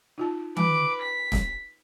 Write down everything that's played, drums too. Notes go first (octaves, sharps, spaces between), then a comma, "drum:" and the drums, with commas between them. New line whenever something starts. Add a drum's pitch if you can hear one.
D#4 F4 A5
B4 D6, drum: tom D#3
B6
drum: snare